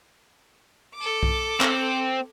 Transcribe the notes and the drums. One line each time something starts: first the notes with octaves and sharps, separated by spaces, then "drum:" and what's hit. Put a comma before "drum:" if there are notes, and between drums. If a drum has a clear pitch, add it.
A4 D6
drum: kick B1
C4, drum: clap